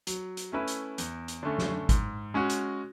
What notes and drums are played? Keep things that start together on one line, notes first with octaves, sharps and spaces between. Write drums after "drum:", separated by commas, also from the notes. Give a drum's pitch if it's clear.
F#3, drum: hi-hat
drum: hi-hat
A3 C#4 E4 B4
drum: hi-hat
E2, drum: hi-hat
drum: hi-hat
D3 A3 C#4
drum: snare
G#2, drum: kick G#1, hi-hat
G#3 C#4 F#4
drum: hi-hat